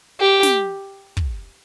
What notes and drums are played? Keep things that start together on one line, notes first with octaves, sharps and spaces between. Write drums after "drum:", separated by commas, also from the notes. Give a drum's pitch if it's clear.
G4
drum: snare
drum: kick